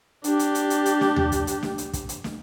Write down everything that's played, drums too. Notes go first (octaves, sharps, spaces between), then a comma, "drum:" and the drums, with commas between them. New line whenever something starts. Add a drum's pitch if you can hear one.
D4 G4, drum: hi-hat
drum: hi-hat
drum: hi-hat
drum: hi-hat
drum: hi-hat
drum: snare
drum: tom D#2
drum: kick, hi-hat
drum: hi-hat
drum: snare
drum: hi-hat
drum: kick, hi-hat
drum: hi-hat
drum: snare